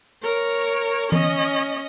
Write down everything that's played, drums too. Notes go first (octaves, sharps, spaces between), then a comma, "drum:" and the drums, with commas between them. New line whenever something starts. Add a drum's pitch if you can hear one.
A#4 C#5
C#4 D#5, drum: tom E3